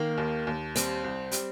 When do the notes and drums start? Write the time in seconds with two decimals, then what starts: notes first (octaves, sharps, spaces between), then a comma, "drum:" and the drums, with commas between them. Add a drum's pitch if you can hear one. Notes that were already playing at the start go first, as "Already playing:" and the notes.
Already playing: D#3 A#3
0.18 D#2
0.47 D#2
0.76 G3 C4, drum: hi-hat
1.04 C2
1.32 G3, drum: hi-hat